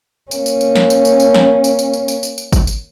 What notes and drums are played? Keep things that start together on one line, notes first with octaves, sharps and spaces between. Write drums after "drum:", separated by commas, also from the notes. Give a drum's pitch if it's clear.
A#3 C#4, drum: tambourine
drum: tambourine
drum: tambourine
drum: snare
drum: tambourine
drum: tambourine
drum: tambourine
drum: snare
drum: tambourine
drum: tambourine
drum: tambourine
drum: tambourine
drum: tambourine
drum: tambourine
drum: kick G#1, tambourine
drum: tambourine